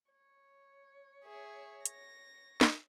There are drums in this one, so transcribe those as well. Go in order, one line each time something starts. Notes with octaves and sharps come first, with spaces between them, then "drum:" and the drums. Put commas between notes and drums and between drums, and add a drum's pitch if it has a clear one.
C#5
G#4 E5
A#6, drum: hi-hat
drum: snare